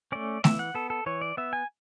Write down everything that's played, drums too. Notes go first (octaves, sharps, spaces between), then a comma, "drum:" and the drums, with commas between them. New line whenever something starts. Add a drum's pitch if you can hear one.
A3 C#4 D5
E3 E5, drum: snare
F#5
B3 A4
A4
E3 C#5
D5
B3 E5
G#5